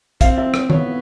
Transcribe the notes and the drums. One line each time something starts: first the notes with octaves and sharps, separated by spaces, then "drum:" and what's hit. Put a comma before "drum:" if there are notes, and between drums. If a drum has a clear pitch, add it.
C4 F5, drum: kick, hi-hat
E5
drum: rim click
B3 C#5, drum: tom